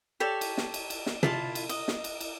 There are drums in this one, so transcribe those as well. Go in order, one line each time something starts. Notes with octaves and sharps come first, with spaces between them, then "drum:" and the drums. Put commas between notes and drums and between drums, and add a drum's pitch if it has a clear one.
G4 A4 C#5 D5
drum: cymbal
drum: snare
drum: cymbal
drum: cymbal
drum: snare
E4 F4 A5, drum: tom
drum: cymbal
D#5, drum: cymbal
drum: snare
drum: cymbal
drum: cymbal